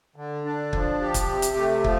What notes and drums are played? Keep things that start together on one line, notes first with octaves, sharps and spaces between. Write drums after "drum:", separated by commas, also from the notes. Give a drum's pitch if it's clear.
D3
D4
F3, drum: kick
G4
drum: kick, hi-hat
C3
drum: hi-hat
A3
F3, drum: kick